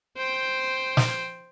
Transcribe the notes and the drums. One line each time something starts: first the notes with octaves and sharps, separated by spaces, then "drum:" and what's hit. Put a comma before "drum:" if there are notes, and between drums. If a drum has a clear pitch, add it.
C5 G5
drum: snare